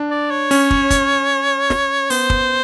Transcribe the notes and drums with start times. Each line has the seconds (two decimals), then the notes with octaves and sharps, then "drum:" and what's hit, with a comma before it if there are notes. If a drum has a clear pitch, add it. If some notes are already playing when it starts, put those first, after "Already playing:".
Already playing: D4
0.11 D5
0.31 C#5
0.51 C#4, drum: open hi-hat
0.71 drum: kick
0.90 drum: kick, hi-hat
1.70 drum: snare
2.10 B3 C5, drum: open hi-hat
2.30 drum: kick